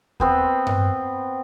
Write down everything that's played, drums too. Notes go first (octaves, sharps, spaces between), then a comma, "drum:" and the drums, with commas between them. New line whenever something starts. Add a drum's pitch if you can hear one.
B3 C4 B4, drum: kick D#2
drum: tom G2